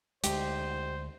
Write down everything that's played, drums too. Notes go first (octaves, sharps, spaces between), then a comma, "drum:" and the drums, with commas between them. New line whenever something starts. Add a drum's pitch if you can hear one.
D2 G#3 G4 C5, drum: hi-hat